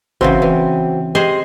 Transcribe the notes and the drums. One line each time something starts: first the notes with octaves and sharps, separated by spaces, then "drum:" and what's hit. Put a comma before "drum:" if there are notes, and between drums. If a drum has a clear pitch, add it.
C#3 E3 C4 F#4 C5 G5, drum: tom
E3
G4 G#4 C5 D#5 C6